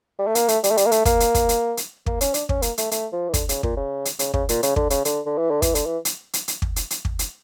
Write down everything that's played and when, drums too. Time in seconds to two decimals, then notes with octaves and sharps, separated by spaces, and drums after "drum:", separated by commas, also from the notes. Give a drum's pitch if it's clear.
0.19 G3
0.27 A3
0.35 A#3, drum: hi-hat
0.48 A3, drum: hi-hat
0.64 G3, drum: hi-hat
0.71 A3
0.77 G3, drum: hi-hat
0.86 A#3
0.92 A3, drum: hi-hat
1.05 A#3, drum: kick, hi-hat
1.20 drum: hi-hat
1.35 drum: kick, hi-hat
1.49 drum: hi-hat
1.77 drum: hi-hat
2.06 A#3, drum: kick
2.21 C#4, drum: hi-hat
2.34 D4, drum: hi-hat
2.49 C#4, drum: kick
2.62 A#3, drum: hi-hat
2.78 A3, drum: hi-hat
2.91 A3, drum: hi-hat
3.13 F3
3.28 E3
3.34 D3, drum: kick, hi-hat
3.49 C#3, drum: hi-hat
3.63 A#2, drum: kick
3.77 C#3
4.05 drum: hi-hat
4.19 C#3, drum: hi-hat
4.34 C#3, drum: kick
4.49 A#2, drum: hi-hat
4.63 C#3, drum: hi-hat
4.76 D3, drum: kick
4.90 C#3, drum: hi-hat
5.05 D3, drum: hi-hat
5.26 D3
5.38 E3
5.50 D3
5.62 E3, drum: kick, hi-hat
5.75 D3, drum: hi-hat
5.86 E3
6.05 drum: hi-hat
6.33 drum: hi-hat
6.48 drum: hi-hat
6.62 drum: kick
6.76 drum: hi-hat
6.90 drum: hi-hat
7.05 drum: kick
7.19 drum: hi-hat